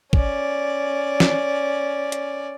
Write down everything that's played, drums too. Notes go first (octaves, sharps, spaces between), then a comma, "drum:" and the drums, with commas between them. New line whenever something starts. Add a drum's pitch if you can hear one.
C#4 D5, drum: kick
drum: snare
drum: hi-hat